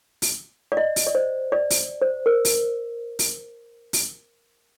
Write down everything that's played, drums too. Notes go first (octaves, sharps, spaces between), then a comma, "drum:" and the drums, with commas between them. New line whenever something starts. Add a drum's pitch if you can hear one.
drum: open hi-hat
D5
D#5
drum: open hi-hat
D5
C5
D5
drum: open hi-hat
C5
A#4
drum: open hi-hat
drum: open hi-hat
drum: open hi-hat